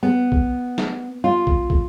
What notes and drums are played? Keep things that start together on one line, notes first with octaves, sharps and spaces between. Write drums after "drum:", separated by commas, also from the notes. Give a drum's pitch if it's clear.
B3
drum: kick
drum: snare
F4
drum: kick
drum: kick